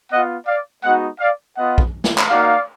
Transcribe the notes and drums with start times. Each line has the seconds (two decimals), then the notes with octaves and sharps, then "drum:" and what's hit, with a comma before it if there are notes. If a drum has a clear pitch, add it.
0.11 B3 F4 D#5 F#5
0.47 D5 F5
0.83 G#3 B3 D#4 F#4 D#5 F#5
1.20 D5 F5
1.56 B3 F4 D#5 F#5
1.78 drum: kick
2.04 drum: snare
2.18 drum: clap
2.29 A#3 D#4 F#4 D5 F5